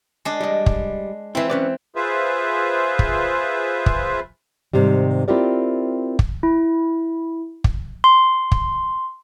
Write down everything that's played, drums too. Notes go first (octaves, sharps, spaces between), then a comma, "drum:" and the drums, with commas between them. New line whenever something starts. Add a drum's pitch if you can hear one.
G#3 D4
G3 D#5
drum: kick
E3 C4 E4 B4
C#4 B4 D5
F4 G#4 B4 C5 E5
drum: kick
drum: kick
G#2 C3 D#3 G3
C4 E4 F4 G4 A#4 D5
drum: kick
E4
drum: kick
C6
drum: kick